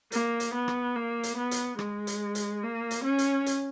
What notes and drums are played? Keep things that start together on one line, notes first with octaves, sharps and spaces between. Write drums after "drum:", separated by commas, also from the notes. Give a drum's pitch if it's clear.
A#3, drum: hi-hat
drum: hi-hat
B3
drum: rim click
A#3
drum: hi-hat
B3
drum: hi-hat
G#3, drum: rim click
drum: hi-hat
drum: hi-hat
A#3
drum: hi-hat
C#4
drum: hi-hat
drum: hi-hat